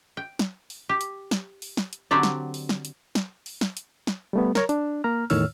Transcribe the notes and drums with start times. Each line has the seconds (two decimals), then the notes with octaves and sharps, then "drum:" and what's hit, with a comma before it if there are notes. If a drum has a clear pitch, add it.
0.17 G5
0.39 drum: snare
0.70 drum: open hi-hat
0.89 G4
1.01 drum: hi-hat
1.31 drum: snare
1.62 drum: open hi-hat
1.77 drum: snare
1.93 drum: hi-hat
2.11 D3 F#3 C4 G4 D5
2.23 drum: snare
2.54 drum: open hi-hat
2.69 drum: snare
2.85 drum: hi-hat
3.15 drum: snare
3.46 drum: open hi-hat
3.61 drum: snare
3.77 drum: hi-hat
4.07 drum: snare
4.33 G3 A3 B3
4.55 A#4 C#5 A#5, drum: snare
4.69 D4, drum: hi-hat
5.04 A#3 A#5 F6
5.30 E2 A2 D#3 C#5 E6 F6, drum: open hi-hat